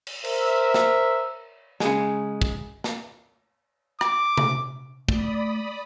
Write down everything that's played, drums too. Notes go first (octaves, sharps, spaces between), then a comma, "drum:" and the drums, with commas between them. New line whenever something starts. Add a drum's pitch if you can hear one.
drum: cymbal
A#4 C5 E5, drum: cymbal
drum: snare
C#3 G#3, drum: snare
drum: kick
drum: snare
D6, drum: rim click
drum: tom C3
A3 D5 B5 D#6, drum: kick